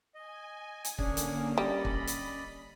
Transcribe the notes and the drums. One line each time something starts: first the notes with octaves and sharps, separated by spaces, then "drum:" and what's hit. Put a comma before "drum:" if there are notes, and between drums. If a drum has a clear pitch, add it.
D#5 G#5
drum: hi-hat
D3 A#3 C#4 D4 G#4, drum: kick
drum: hi-hat
G3 D5 D#5 B5
drum: kick
drum: hi-hat